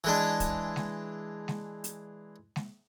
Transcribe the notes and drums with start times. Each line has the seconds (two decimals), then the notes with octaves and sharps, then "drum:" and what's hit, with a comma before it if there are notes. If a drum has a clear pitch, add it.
0.04 E3 G#3 D4
0.40 drum: kick, hi-hat
0.76 drum: snare
1.48 drum: snare
1.84 drum: hi-hat
2.56 drum: snare